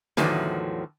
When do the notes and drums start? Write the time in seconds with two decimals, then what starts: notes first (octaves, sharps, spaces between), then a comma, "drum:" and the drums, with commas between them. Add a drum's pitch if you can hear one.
0.17 E2 A2 D3 D#3 F3 F#3, drum: snare